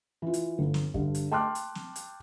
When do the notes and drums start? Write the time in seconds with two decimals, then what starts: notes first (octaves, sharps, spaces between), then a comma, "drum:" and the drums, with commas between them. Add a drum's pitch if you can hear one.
0.22 E3 F4
0.34 drum: hi-hat
0.59 G1
0.74 drum: snare
0.94 G2 D3, drum: kick
1.15 drum: hi-hat
1.32 G5 A5 C6 D6 F6 F#6
1.55 drum: hi-hat
1.75 drum: snare
1.96 drum: hi-hat